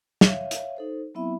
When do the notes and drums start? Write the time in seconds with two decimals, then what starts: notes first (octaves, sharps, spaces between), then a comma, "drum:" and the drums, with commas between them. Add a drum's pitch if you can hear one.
0.21 C#5 E5 F5, drum: snare
0.51 drum: hi-hat
0.77 D#4 A4 C5
1.15 F#3 B3 C4 E4 E5 B5